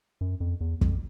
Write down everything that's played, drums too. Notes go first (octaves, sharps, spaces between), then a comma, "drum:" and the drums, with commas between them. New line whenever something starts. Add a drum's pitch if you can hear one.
F#2
F2
E2
F2, drum: kick